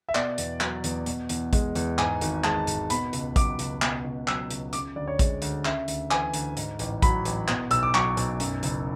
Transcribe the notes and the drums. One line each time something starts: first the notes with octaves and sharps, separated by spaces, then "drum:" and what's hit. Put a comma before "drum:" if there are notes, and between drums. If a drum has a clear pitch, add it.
E5
B2 D5, drum: clap
E2, drum: hi-hat
F#3, drum: clap
E2, drum: hi-hat
B2, drum: hi-hat
E2, drum: hi-hat
G#3, drum: kick A1, hi-hat
E2, drum: hi-hat
G#2 G#5, drum: clap
G#1, drum: hi-hat
G#3 A5, drum: clap
G#1, drum: hi-hat
B2 B5, drum: hi-hat
C#2, drum: hi-hat
F#3 D6, drum: kick A1, hi-hat
C#2, drum: hi-hat
B2, drum: clap
C#2
F#3 E6, drum: clap
C#2, drum: hi-hat
C#3 D6, drum: hi-hat
D2 D5
C#5
G#3 C#5, drum: kick A1, hi-hat
D2, drum: hi-hat
C#3 E5, drum: clap
D2, drum: hi-hat
E3 G#5, drum: clap
D2, drum: hi-hat
G#2, drum: hi-hat
A1, drum: hi-hat
F#3 B5, drum: kick A1, hi-hat
A1, drum: hi-hat
B2, drum: clap
B1 E6, drum: hi-hat
D6
F#3 C#6, drum: clap
B1, drum: hi-hat
F#2, drum: hi-hat
F#1, drum: hi-hat